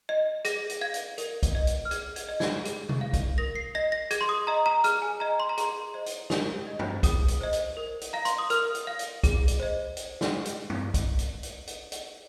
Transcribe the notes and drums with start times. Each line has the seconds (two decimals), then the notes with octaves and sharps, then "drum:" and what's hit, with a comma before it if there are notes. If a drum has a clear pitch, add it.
0.09 D#5
0.45 G#4 A#6, drum: hi-hat
0.69 drum: hi-hat
0.81 F5 G#6
0.94 drum: hi-hat
1.18 A#4, drum: hi-hat
1.43 drum: kick, hi-hat
1.55 D#5
1.67 drum: hi-hat
1.85 F6
1.91 G#4 G#6, drum: hi-hat
2.16 G#6, drum: hi-hat
2.29 D#5
2.40 G#6, drum: snare
2.65 G#4, drum: hi-hat
2.89 drum: tom C3
3.01 F5
3.13 drum: kick, hi-hat
3.38 A#4 A#6
3.56 C7
3.75 D#5 A#6
3.92 A#6
4.11 G#4 G#6, drum: hi-hat
4.21 C6
4.29 D#6
4.47 D#5 A#5
4.66 A#5
4.84 G#4 F6, drum: hi-hat
5.02 G#5
5.20 D#5 A#5
5.40 C6
5.49 A#5
5.57 G#4 C6, drum: hi-hat
5.94 C5 D#5
6.06 drum: hi-hat
6.30 A#4, drum: snare
6.67 D#5
6.79 drum: tom
7.03 G#4 D#6, drum: kick, hi-hat
7.28 drum: hi-hat
7.41 C5 D#5
7.53 drum: hi-hat
7.77 A#4
8.01 drum: hi-hat
8.13 F5 A#5
8.25 C6, drum: hi-hat
8.38 D#6
8.50 A#4 F6, drum: hi-hat
8.75 drum: hi-hat
8.87 F5
8.99 drum: hi-hat
9.24 G#4, drum: kick, hi-hat
9.48 drum: hi-hat
9.60 C5 D#5
9.97 drum: hi-hat
10.21 drum: snare
10.45 drum: hi-hat
10.70 drum: tom
10.94 drum: kick, hi-hat
11.19 drum: hi-hat
11.43 drum: hi-hat
11.67 drum: hi-hat
11.92 drum: hi-hat